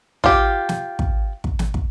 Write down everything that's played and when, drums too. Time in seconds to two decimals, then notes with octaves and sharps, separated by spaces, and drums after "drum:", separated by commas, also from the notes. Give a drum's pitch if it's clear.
0.24 F4 G4, drum: kick
0.69 drum: snare
0.99 drum: kick
1.44 drum: kick
1.59 drum: snare
1.74 drum: kick